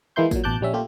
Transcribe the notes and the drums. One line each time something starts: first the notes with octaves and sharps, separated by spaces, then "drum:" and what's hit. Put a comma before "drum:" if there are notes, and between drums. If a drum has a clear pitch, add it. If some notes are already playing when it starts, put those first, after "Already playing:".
E3 G#3 A#3 E4 C6 G6
A#2 F#3, drum: kick G#1, tambourine
A1 B2 A5 D6 F#6 G6
A#1 G3 C#4 E5
A#2 A3 F4 G4